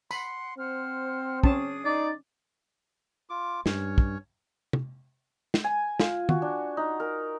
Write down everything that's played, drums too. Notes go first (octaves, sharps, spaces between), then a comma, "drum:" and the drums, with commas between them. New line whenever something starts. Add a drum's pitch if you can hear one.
F#5 B5 C6, drum: tambourine
C4 C5 F#5 F6
C#4 D4 G#4 A5 D#6, drum: kick
D#4 D5
F4 D6
G2 C#4 C#5, drum: snare
drum: kick
drum: tom
drum: snare
G#5
F4, drum: snare
F#4, drum: tom
D4
D#4
A#4